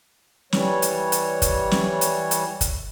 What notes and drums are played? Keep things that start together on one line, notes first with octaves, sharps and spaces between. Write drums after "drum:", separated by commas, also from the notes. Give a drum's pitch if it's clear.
E3 G3 C#5, drum: snare
drum: hi-hat
drum: hi-hat
drum: kick, hi-hat
drum: snare
drum: hi-hat
drum: hi-hat
drum: kick, hi-hat